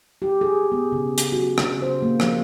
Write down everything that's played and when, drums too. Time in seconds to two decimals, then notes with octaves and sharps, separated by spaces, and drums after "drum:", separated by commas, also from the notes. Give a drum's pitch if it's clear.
0.22 G4
0.41 G#4
0.72 B3
0.92 C#3
1.18 drum: hi-hat
1.32 F#4
1.58 C#3, drum: rim click
1.82 C5
2.02 A#3
2.20 F3, drum: rim click